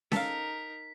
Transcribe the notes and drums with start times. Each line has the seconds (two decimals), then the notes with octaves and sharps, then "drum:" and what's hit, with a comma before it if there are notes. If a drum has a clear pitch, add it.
0.12 D#4 A4 A#4 F5 B6, drum: snare C#4